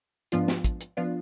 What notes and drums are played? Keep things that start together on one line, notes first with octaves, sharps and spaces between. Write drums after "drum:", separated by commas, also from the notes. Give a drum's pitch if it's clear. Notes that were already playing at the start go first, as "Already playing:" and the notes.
G#2 F3 B3 D4 F4, drum: hi-hat
drum: snare
drum: kick, hi-hat
drum: hi-hat
F3 B3 D4 F4